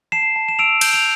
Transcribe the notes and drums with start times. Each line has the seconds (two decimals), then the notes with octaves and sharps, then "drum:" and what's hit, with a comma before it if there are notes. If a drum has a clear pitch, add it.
0.12 A5 C7 E7
0.36 A5
0.48 E7
0.59 E6 D7 F7
0.81 G6, drum: cymbal
0.94 F7